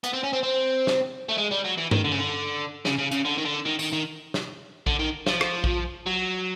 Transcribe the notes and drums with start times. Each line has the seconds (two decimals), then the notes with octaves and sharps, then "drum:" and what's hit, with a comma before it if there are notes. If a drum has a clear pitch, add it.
0.04 B3, drum: hi-hat
0.13 C4
0.23 C#4
0.33 C4
0.43 C4
0.87 drum: snare
1.29 A3
1.37 G#3
1.51 G3
1.64 F#3
1.78 E3
1.91 D#3, drum: tom G2
2.04 D3
2.12 C#3
2.18 D3
2.85 C#3, drum: snare
2.98 C#3
3.12 C#3, drum: hi-hat
3.25 D3
3.38 D#3
3.45 D3
3.66 D#3
3.79 D#3, drum: tambourine
3.93 D#3
4.34 drum: snare
4.87 D3, drum: kick A#1
4.99 D#3
5.27 F3, drum: snare
5.41 drum: rim click
5.64 drum: kick A#1
6.07 F#3